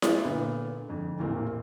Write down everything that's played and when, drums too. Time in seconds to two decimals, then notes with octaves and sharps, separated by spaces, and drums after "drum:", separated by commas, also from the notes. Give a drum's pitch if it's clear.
0.02 drum: snare E4
0.24 A#2 D3 B3
0.88 F2 G#2 D3
1.19 A1 E2 A#2 A#3 C4